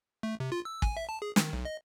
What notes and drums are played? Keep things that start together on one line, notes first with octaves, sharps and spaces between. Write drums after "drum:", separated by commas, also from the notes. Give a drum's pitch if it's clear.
A3
C3
F4
E6
G#5, drum: kick
E5
A5
G#4
D#3, drum: snare
B1
D#5